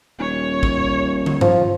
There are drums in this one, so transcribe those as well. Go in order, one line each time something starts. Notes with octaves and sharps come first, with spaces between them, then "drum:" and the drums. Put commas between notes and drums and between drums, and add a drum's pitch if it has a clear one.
D#1 C#5
drum: kick A1
drum: tom
F3, drum: tom G2